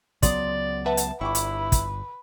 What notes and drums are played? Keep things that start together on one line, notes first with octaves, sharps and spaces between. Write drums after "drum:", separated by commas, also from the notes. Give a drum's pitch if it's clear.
C#2 F#3 B3 D5 C6 D#6, drum: kick, hi-hat
B4 E5 F#5 A5
drum: hi-hat
G1 E4 B4 C#6 D6
drum: hi-hat
drum: kick, hi-hat